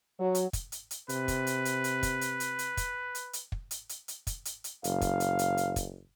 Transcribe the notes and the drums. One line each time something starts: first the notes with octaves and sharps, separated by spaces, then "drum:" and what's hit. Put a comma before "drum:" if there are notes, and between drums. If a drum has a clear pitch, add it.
F#3
drum: hi-hat
drum: kick, hi-hat
drum: hi-hat
drum: hi-hat
C3 B4, drum: hi-hat
drum: kick, hi-hat
drum: hi-hat
drum: hi-hat
drum: hi-hat
drum: kick, hi-hat
drum: hi-hat
drum: hi-hat
drum: hi-hat
drum: kick, hi-hat
drum: hi-hat
drum: hi-hat
drum: kick
drum: hi-hat
drum: hi-hat
drum: hi-hat
drum: kick, hi-hat
drum: hi-hat
drum: hi-hat
F#1 F5, drum: hi-hat
drum: kick, hi-hat
drum: hi-hat
drum: hi-hat
drum: hi-hat
drum: kick, hi-hat